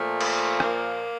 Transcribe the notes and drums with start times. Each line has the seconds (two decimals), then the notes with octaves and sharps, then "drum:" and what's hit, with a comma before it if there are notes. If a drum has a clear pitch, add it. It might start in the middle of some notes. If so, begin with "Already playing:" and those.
Already playing: A#2 F3 A3
0.21 drum: cymbal
0.60 A#3, drum: rim click